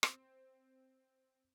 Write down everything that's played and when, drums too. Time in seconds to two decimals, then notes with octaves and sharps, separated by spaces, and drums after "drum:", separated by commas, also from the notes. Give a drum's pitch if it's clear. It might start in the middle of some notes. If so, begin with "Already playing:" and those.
0.03 C4 C5, drum: rim click